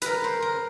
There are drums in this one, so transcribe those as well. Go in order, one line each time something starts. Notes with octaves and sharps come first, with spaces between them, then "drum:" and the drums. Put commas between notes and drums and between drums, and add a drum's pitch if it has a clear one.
A#4 B4, drum: hi-hat
C5
A#4